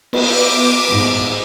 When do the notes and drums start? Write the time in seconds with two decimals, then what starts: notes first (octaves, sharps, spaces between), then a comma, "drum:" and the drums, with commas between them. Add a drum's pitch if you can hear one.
0.13 B3 D6, drum: cymbal
0.89 G#2